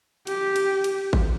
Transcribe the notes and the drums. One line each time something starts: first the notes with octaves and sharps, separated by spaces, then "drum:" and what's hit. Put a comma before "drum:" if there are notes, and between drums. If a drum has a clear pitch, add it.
G4, drum: cymbal
drum: cymbal
drum: cymbal
drum: kick G#1